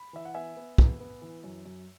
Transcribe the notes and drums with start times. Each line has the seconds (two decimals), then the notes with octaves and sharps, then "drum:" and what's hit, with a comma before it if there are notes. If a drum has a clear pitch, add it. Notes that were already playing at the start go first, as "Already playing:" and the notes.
Already playing: B5
0.13 E3 E5
0.25 F#5
0.34 B3 E5 G#5
0.57 B3
0.78 B3, drum: kick
1.00 B3
1.22 E3
1.44 F#2
1.65 F#2